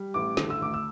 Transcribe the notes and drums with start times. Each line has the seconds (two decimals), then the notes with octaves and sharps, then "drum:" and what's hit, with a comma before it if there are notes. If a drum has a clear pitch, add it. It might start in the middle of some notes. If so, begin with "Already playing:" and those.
Already playing: G3
0.14 A1 D6
0.37 D3, drum: snare
0.50 E6
0.61 D2 D6
0.74 E6